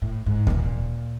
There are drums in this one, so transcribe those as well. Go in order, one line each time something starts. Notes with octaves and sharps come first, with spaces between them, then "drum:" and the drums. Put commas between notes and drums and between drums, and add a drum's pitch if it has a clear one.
A2
G#2
B2, drum: kick D#2
A#2